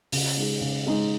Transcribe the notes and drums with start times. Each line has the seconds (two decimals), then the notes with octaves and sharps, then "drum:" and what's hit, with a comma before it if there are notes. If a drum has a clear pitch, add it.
0.12 C#3, drum: open hi-hat
0.37 G#3 D#4 G#4
0.61 C#3
0.86 G#3 D#4 G#4